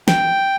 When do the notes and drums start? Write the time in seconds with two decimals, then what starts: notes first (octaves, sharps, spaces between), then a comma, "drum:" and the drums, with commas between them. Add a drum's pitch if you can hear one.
0.08 G5, drum: snare